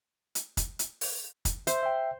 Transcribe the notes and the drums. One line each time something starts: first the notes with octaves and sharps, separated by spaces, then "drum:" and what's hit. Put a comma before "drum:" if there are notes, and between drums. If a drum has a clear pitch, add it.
drum: hi-hat
drum: kick, hi-hat
drum: hi-hat
drum: open hi-hat
drum: kick, hi-hat
C5 E5, drum: hi-hat
E5 G5